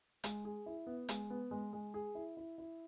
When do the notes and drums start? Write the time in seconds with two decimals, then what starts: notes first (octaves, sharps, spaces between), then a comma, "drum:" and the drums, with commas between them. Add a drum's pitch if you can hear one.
0.24 G#3, drum: hi-hat
0.45 G#4
0.66 E4
0.87 B3
1.09 G#3, drum: hi-hat
1.30 B3
1.51 G#3
1.73 G#3
1.94 G#4
2.15 E4
2.37 E4
2.58 E4